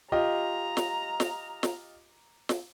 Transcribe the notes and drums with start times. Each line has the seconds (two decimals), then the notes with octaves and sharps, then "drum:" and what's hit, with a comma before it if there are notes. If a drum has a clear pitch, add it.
0.12 F4 G4 D#5 A#5
0.77 drum: snare
1.20 drum: snare
1.63 drum: snare
2.49 drum: snare